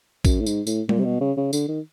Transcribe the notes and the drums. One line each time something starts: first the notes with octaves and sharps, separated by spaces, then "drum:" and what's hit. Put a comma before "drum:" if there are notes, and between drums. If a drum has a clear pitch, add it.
F#2, drum: kick, tambourine
A2
G#2, drum: tambourine
A2, drum: tambourine
A#2, drum: tom G3
C3
B2
C#3
C#3
D3, drum: tambourine
D#3